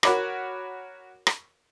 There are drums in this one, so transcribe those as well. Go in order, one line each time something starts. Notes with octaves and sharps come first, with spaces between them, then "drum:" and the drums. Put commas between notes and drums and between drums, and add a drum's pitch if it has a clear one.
F#4 A#4 C#5 B5 D6, drum: rim click
drum: rim click